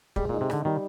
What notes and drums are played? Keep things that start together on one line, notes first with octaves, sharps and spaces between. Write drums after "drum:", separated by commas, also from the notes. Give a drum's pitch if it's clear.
G3 G#3, drum: kick
A#2
D#4
C3
D3 D#4, drum: rim click
D#3 G3